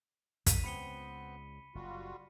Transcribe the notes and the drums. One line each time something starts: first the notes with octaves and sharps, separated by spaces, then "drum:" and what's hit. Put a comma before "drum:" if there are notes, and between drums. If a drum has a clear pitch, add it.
D3 B6 D#7, drum: kick, hi-hat
C#2 B3 C4 B5 C#7 G7
F#1 G3 F4 F#4